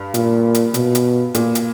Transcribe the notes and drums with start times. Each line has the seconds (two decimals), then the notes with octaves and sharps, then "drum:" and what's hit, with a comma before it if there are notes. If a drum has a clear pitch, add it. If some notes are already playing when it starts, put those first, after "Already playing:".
Already playing: G2
0.14 A#2, drum: hi-hat
0.55 drum: hi-hat
0.74 B2, drum: hi-hat
0.95 drum: hi-hat
1.34 A#2, drum: hi-hat
1.55 drum: hi-hat